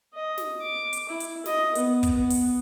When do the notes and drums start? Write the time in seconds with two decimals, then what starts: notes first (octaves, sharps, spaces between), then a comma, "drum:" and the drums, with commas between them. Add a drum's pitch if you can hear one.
0.14 D#5
0.38 drum: snare
0.61 D6
0.93 drum: hi-hat
1.09 E4
1.20 drum: hi-hat
1.46 D#5, drum: snare
1.75 B3, drum: hi-hat
2.03 drum: kick, hi-hat
2.14 B3
2.30 drum: open hi-hat